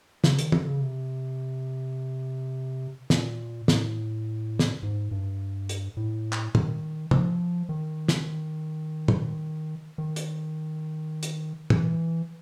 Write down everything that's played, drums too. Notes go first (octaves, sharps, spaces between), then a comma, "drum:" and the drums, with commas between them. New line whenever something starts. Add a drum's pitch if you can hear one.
C#3, drum: snare
D#3, drum: hi-hat
D3, drum: tom
C#3
C3
A#2, drum: snare
A2, drum: snare
drum: snare
G#2
G2
drum: hi-hat
A2
drum: clap
D#3, drum: tom
F3, drum: tom
D#3
drum: snare
drum: tom
D#3
drum: hi-hat
drum: hi-hat
E3, drum: tom